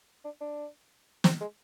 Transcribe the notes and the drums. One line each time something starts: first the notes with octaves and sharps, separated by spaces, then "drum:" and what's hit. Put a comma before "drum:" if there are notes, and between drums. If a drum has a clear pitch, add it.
D4
D4
C4, drum: snare
G#3